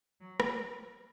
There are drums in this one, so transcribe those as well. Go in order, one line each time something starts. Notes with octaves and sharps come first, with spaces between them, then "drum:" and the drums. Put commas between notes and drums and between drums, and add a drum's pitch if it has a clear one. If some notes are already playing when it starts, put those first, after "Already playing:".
F#3
drum: rim click